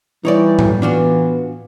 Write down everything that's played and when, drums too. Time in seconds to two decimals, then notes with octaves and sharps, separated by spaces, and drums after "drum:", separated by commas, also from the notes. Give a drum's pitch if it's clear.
0.25 E3 G3 D#4 C#5 D5
0.59 drum: tom A2
0.82 E3 B3 D4 F4 F#4